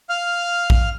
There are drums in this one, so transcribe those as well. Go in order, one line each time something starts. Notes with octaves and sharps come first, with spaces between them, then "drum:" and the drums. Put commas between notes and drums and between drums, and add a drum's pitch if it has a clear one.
F5 F6
drum: kick